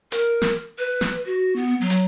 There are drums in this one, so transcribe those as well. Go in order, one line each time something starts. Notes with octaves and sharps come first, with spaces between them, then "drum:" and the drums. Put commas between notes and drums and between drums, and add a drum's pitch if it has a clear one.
A#4, drum: hi-hat
drum: snare
B4
drum: snare
F#4
B3
F#3
drum: hi-hat